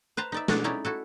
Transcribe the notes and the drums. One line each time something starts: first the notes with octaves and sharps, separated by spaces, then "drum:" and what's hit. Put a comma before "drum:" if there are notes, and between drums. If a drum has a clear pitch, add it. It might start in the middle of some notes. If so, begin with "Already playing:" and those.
B4 C5 A5 A#5
D#4 D5 E5
B2 G#3 A3 D4 F#5, drum: snare
C#4 D#4 E4 D5 E5
E4 F#4 A4